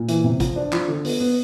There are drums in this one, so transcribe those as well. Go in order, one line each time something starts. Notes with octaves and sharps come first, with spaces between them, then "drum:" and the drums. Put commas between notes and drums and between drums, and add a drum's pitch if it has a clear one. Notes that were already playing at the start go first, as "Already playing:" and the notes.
Already playing: A#2
E3, drum: hi-hat
C3
F3, drum: kick, hi-hat
D4
F3, drum: clap
D3
B3, drum: open hi-hat
B3